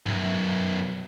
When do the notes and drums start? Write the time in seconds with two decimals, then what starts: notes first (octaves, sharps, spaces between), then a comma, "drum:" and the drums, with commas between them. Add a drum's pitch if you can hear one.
0.06 B1 F#2, drum: tom G2